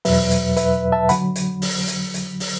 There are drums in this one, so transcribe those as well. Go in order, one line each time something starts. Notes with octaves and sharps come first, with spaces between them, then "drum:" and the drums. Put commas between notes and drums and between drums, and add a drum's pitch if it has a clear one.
E2 B2 F#3 B4 E5, drum: open hi-hat
drum: hi-hat
B4 E5, drum: hi-hat
E5 A5
D3 F#3 F#5 B5, drum: hi-hat
drum: hi-hat
drum: open hi-hat
drum: hi-hat
drum: hi-hat
drum: open hi-hat